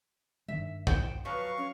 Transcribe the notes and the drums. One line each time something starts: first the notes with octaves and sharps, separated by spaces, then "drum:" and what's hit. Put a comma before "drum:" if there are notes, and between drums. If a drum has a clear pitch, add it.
G2 D#3 G#3 E5
C5 F#5 G5, drum: kick A#1
F3 F#3 B4 F5 C#6
C#4